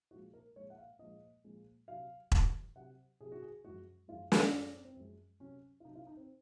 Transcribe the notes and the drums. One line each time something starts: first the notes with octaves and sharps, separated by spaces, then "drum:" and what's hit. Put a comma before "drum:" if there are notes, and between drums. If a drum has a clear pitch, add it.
A#2 F3 G#3 F#4
A#4
A#2 F3 G#3 C#5
F#5
F5
A#2 F3 G#3 D#5
A#2 F3 G#3
C3 F#3 F5
C3 F#3, drum: kick E1
C3 F#3 F#5
C3 F#3 G#4
F#4
G#4
F#2 F3 G#3 F#4
F#2 F3 G#3 F4
drum: snare
F#2 F3 G#3
C#4
C4
C4
F#2 F3 G#3
C3 F#3 C#4
F4
C3 F#3 D#4
F4
D#4
C4